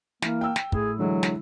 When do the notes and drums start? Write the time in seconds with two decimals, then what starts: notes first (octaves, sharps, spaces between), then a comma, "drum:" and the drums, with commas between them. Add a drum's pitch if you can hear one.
0.22 E3 A#3, drum: snare
0.41 G5 E6
0.56 drum: snare
0.72 A2 G#4, drum: kick
0.99 D3 E3 F#3 G#3
1.23 drum: snare